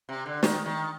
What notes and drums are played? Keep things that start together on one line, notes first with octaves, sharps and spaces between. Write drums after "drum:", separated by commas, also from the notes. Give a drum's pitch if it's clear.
C3
D3
D#3, drum: snare
D#3